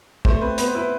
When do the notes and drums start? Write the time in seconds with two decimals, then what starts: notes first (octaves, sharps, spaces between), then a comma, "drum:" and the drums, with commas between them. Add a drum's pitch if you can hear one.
0.25 A3 C5, drum: kick
0.36 C5
0.41 C4 B4
0.58 B3 B4, drum: hi-hat
0.67 C5
0.75 E4 B4